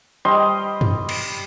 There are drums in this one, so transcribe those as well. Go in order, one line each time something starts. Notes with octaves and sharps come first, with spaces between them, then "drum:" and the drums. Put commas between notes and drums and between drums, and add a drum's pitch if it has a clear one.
G3 D#5 C6
drum: tom F#2
drum: cymbal